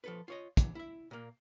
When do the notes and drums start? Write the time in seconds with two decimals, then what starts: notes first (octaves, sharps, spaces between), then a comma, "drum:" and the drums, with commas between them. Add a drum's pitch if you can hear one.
0.04 F3 A4 B4
0.28 F4 C#5 D#5
0.57 E3, drum: kick, hi-hat
0.75 E4 E5
1.11 A#2 A#3